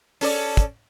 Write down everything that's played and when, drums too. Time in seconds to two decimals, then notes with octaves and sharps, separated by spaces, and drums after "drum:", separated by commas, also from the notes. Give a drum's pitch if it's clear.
0.21 C#4 A4 D5, drum: open hi-hat
0.57 drum: kick, hi-hat